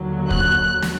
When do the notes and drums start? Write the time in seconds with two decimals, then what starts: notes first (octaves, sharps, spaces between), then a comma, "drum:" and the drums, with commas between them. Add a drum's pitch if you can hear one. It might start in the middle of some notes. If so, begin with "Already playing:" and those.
Already playing: D#2 D3 F#3
0.31 F#6, drum: kick
0.82 drum: snare